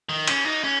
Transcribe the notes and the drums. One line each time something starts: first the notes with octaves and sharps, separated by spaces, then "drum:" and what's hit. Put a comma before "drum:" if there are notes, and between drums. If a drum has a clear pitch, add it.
D#3
C#4, drum: cymbal
D#4
C#4